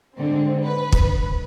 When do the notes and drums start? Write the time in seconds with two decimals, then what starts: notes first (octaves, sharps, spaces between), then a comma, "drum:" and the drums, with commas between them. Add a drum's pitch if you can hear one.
0.17 G#2 D3 C4
0.63 B4
0.92 drum: kick